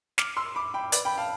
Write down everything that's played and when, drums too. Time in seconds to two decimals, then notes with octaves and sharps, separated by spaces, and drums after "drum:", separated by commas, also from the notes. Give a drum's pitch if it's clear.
0.18 D6 F6, drum: snare
0.37 C6 E6
0.55 B5 D6
0.74 G5 B5
0.92 B4 D5, drum: hi-hat
1.05 G5 B5
1.18 F5 A5